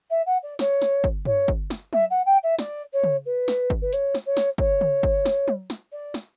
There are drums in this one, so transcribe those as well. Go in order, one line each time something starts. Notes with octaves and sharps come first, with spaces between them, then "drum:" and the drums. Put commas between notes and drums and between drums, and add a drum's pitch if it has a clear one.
E5
F#5
D5
C#5, drum: snare
drum: snare
drum: kick
C#5, drum: tom G2
drum: kick
drum: snare
E5, drum: tom F#3
F#5
G5
E5
D5, drum: snare
C#5
drum: tom C#3
B4
drum: snare
drum: kick
B4
C#5, drum: hi-hat
drum: snare
C#5
drum: snare
C#5, drum: kick
drum: tom C#3
drum: kick
drum: snare
drum: tom F#3
drum: snare
D5
drum: snare